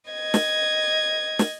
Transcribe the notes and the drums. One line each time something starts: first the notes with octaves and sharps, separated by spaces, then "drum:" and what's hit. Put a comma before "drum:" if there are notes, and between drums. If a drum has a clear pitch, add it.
D#5 G#6
drum: snare
drum: snare